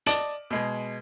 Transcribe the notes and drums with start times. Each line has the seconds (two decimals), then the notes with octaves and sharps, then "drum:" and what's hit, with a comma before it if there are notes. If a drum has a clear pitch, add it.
0.06 D5 D#5 A5 D7 F#7, drum: hi-hat
0.50 B2 G#3 G#4